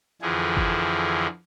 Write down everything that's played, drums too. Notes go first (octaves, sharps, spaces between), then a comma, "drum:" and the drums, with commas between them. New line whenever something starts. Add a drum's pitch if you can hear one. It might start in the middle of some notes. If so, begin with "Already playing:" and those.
F2 D3 E3 F3 G#4
drum: kick G1